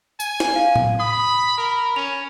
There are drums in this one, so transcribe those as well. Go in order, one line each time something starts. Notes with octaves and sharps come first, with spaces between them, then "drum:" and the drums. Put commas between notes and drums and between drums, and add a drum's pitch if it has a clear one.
G#5, drum: tambourine
drum: snare
F5
drum: tom A2
B5 D#6
A#4 B5
C#4 F7